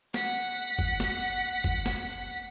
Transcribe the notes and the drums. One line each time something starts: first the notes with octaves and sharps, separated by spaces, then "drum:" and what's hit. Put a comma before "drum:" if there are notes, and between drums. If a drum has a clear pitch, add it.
F#5 B6, drum: snare
drum: tambourine
drum: kick F1, tambourine
drum: snare
drum: tambourine
drum: kick F1, tambourine
drum: snare